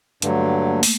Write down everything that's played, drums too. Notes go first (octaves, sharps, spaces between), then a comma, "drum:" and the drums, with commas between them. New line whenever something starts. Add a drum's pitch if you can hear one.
G2 D3 F#3 A3, drum: hi-hat
A#3
drum: open hi-hat